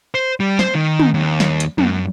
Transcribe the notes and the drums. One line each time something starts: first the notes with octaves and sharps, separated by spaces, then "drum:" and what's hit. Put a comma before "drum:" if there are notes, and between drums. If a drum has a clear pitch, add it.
C5
G3
C5, drum: snare
D#3
drum: tom
D#2
drum: snare
drum: hi-hat
F#2, drum: tom